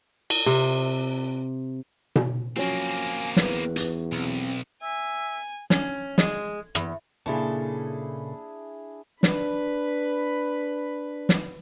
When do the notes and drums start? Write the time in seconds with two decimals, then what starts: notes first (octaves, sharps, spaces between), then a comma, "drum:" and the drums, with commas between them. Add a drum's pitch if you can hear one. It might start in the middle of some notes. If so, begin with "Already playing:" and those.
0.30 drum: cymbal
0.46 C3
2.16 drum: tom B2
2.56 F3 F#3 A#3 C4 C#4 G#5
3.37 E2 B4, drum: snare
3.76 drum: hi-hat
4.12 B1 C4
4.82 E5 G#5
5.70 C#4, drum: snare
6.18 G#3, drum: snare
6.75 E2, drum: rim click
7.26 A#2 C#3 D4 E4 G#4 A4
9.23 D4 B4 B5, drum: snare
11.29 drum: snare